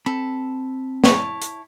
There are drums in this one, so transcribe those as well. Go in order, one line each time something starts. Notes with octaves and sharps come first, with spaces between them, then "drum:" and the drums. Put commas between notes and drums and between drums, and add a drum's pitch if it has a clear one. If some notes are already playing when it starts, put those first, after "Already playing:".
C4 A4 B5
E4 C#5 A5, drum: snare
drum: hi-hat